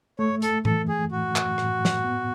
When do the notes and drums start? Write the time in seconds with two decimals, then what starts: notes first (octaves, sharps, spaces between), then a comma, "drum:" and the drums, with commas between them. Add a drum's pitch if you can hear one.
0.19 A3 C#5
0.42 A4, drum: hi-hat
0.65 E3 A4, drum: tom A2
0.88 G#4
1.11 A2 F#4
1.36 drum: clap
1.58 A2, drum: rim click
1.85 drum: snare
2.04 B3